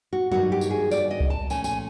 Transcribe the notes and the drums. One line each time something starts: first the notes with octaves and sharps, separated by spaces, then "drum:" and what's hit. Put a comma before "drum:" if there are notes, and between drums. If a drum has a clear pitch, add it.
F#4
G2 D#3 F#3 A#3 F#4, drum: tom F#3
G4
drum: tambourine
G#4
D5, drum: tambourine
D#5
drum: kick C2
A5
A#2 F3 A3 C#4 G#5, drum: tambourine
G#5, drum: tambourine